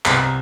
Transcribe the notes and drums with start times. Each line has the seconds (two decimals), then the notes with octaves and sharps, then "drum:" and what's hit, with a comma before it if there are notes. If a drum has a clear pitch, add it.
0.05 C2 A#5, drum: clap